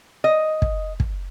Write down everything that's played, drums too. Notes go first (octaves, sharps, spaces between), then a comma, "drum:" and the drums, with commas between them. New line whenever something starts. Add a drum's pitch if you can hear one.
D#5
drum: kick
drum: kick